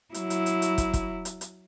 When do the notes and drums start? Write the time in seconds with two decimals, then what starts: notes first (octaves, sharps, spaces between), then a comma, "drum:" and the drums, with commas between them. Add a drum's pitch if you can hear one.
0.14 F#3 E4, drum: hi-hat
0.30 drum: hi-hat
0.46 drum: hi-hat
0.62 drum: hi-hat
0.78 drum: kick, hi-hat
0.93 drum: kick, hi-hat
1.25 drum: hi-hat
1.41 drum: hi-hat